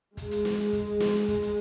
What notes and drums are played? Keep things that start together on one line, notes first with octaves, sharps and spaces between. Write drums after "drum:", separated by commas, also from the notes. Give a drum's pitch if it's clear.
G#3, drum: kick, hi-hat
drum: hi-hat
drum: snare
drum: hi-hat
drum: kick, hi-hat
drum: snare
drum: hi-hat
drum: kick, hi-hat
drum: hi-hat